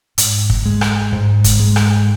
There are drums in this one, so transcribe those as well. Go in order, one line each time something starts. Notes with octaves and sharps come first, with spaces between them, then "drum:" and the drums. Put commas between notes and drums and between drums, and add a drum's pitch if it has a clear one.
G#2, drum: hi-hat
drum: kick
G#3
drum: rim click
G#2
drum: kick, hi-hat
G#3
drum: rim click